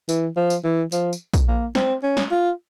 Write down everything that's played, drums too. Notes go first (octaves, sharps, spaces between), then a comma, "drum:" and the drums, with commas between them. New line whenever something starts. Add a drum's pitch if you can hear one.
E3, drum: tambourine
F3
drum: tambourine
E3
F3, drum: tambourine
drum: tambourine
drum: kick, tambourine
A#3
C4, drum: snare
C#4
drum: snare
F4